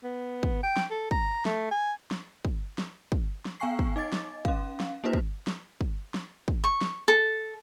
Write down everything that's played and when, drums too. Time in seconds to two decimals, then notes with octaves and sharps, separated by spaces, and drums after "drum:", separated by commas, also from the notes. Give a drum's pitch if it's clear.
0.03 B3
0.43 drum: kick
0.63 G5
0.77 drum: snare
0.91 A4
1.11 A#5, drum: kick
1.45 A3, drum: snare
1.71 G#5
2.11 drum: snare
2.45 drum: kick
2.78 drum: snare
3.12 drum: kick
3.45 drum: snare
3.60 B3 F5 G5 G#5 C#6 C7
3.79 drum: kick
3.96 D#4 D#5 D6 A6
4.13 drum: snare
4.45 C#4 F5, drum: kick
4.80 drum: snare
5.04 A#3 D4 E4 F#4 B4 C5
5.13 drum: kick
5.47 drum: snare
5.81 drum: kick
6.14 drum: snare
6.48 drum: kick
6.64 C#6
6.81 drum: snare
7.08 A4